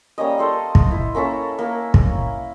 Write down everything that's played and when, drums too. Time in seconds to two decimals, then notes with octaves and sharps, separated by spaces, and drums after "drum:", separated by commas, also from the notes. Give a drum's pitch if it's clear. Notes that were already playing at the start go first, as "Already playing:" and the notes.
0.18 G3 A#3 C#4 D#5
0.38 A4 C5 F5
0.75 drum: kick
0.91 E4
1.15 A#3 C#4 E4 A4
1.59 A#3
1.94 drum: kick